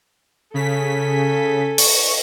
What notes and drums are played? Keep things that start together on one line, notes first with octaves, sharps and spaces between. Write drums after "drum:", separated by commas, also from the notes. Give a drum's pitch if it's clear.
C#3 A4 G#5 B6
C#6, drum: open hi-hat